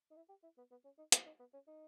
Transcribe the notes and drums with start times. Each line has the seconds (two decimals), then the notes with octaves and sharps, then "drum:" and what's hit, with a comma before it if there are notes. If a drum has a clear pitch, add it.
0.11 D#4
0.16 E4
0.29 G4
0.43 E4
0.58 B3
0.71 B3
0.84 C#4
0.98 D#4
1.12 E4, drum: hi-hat
1.26 D#4
1.40 B3
1.53 C#4
1.67 D#4